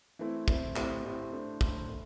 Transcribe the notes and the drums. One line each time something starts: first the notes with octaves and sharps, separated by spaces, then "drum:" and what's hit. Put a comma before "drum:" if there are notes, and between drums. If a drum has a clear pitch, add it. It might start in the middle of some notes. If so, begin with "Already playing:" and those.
E3 A3 C4 E4
E3 A3 C4 E4, drum: kick
A2 A3 C4 E4 G4, drum: clap
A2 A3 C4 E4 G4
A2 A3 D4 C5
A2 A3 D4 C5, drum: kick
A3